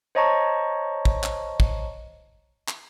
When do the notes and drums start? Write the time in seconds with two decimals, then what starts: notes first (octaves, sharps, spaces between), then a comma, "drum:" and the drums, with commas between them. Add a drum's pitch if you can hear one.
0.15 C5 C#5 D#5 A5 A#5 C#6
1.05 drum: kick
1.24 drum: clap
1.60 drum: kick
2.68 drum: clap